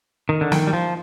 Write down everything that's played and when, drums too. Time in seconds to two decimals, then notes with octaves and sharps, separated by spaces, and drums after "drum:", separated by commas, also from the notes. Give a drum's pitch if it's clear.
0.29 D#3
0.41 D3
0.52 D#3, drum: snare
0.67 G3
0.73 F3